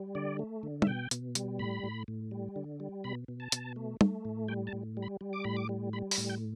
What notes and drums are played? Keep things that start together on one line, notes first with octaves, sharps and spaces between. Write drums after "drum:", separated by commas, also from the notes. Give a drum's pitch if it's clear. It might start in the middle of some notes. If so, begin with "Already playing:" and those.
Already playing: G3
D3 D5
A3
D3
E5, drum: tom
B2 G5
B2, drum: hi-hat
G3, drum: hi-hat
A2 B5
A2
A2
G3
D3
G3
B2 B5
B2
A5
B2, drum: hi-hat
A3
A3, drum: tom
A2
G3 G5
A5
A2
G3
B5
G3
D6
A2 B5
D6
G3
G3 B5
B5, drum: open hi-hat
A2
G5